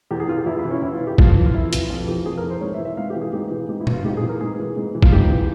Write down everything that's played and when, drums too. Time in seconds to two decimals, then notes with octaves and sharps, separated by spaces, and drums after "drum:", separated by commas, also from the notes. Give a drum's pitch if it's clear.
0.11 E2 G4
0.20 G#4
0.29 E3 F4
0.38 G4
0.46 E2 E4
0.59 E4
0.65 E3
0.71 C#4
0.82 E2 E4
0.94 F4
1.01 E3
1.07 G4
1.18 F2 F4, drum: kick
1.36 E3
1.46 F4
1.54 F2 E4
1.73 E3, drum: hi-hat
1.89 F2 F4
2.08 E3 G4
2.26 F2 G#4
2.37 A#4
2.44 E3
2.50 C5
2.61 G#2 C#5
2.74 E5
2.79 E3
2.85 E5
2.97 G#2 F5
3.10 G4
3.16 E3
3.21 G#4
3.33 G#2 G4
3.51 E3
3.69 G#2 G4
3.81 E4
3.87 E3, drum: tom
3.93 F4
4.05 G#2 G4
4.17 G#4
4.23 E3
4.29 A#4
4.41 G#2 G#4
4.59 E3
4.77 G#2
4.95 E3
5.03 F4, drum: kick
5.12 G#2 G4
5.31 E3